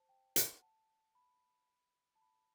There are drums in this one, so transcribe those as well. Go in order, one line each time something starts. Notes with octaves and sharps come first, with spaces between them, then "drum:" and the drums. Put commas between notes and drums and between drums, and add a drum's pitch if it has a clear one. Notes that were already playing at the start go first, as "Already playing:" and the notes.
Already playing: C5 A5
G5
F#5, drum: hi-hat
A5
B5
A5
B5